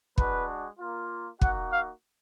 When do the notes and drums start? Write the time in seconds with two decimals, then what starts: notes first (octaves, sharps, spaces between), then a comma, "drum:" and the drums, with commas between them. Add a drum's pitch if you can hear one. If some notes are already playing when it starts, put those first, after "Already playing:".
0.18 G#3 D4 F#4 B4, drum: kick
0.79 A#3 F4
1.41 A#3 D#4 F#4 F#5, drum: kick
1.73 F5